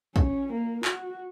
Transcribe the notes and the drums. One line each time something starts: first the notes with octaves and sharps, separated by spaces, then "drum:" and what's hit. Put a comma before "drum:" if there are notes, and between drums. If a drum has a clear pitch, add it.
C#4, drum: kick
A#3
F#4, drum: clap